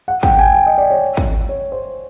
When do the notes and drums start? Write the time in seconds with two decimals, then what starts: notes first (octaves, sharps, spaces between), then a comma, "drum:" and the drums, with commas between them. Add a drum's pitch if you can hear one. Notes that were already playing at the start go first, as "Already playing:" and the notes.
0.08 F#5
0.23 G5, drum: kick
0.39 G#5
0.54 G5
0.67 D#5
0.78 D5
0.91 C#5
1.17 drum: kick
1.49 C#5
1.72 C5